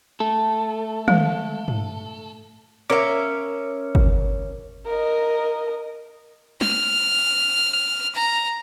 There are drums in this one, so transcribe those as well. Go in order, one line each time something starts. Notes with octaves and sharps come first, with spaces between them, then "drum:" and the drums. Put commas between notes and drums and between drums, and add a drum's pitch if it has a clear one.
A3 A4
G#3, drum: tom
drum: tom
C#4 A#4 E5 D6
drum: kick
A#4 D#5
F6, drum: snare
A#5